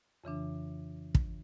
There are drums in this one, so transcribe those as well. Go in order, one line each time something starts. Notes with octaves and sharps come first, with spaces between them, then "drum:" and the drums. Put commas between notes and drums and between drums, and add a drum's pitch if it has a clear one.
F2 C#3 E3 D4
drum: kick